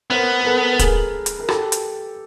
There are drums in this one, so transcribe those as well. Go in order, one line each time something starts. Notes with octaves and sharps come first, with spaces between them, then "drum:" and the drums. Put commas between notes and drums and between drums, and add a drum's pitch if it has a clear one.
B3 A#4 C5
A#4
A4 B4
B4
G#4 A#4, drum: kick, hi-hat
drum: hi-hat
A#4
G4 A4, drum: rim click
drum: hi-hat